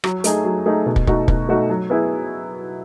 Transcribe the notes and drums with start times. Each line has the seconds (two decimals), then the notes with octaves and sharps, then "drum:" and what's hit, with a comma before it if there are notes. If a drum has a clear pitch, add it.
0.04 F#3, drum: rim click
0.24 A3 D#4 G#4, drum: hi-hat
0.45 F#3
0.66 A3 D#4 G#4
0.86 B2
0.96 drum: kick
1.07 A3 D#4 F#4, drum: kick
1.28 B2, drum: kick
1.49 A3 D#4 F#4
1.69 F#3
1.90 B3 E4 G#4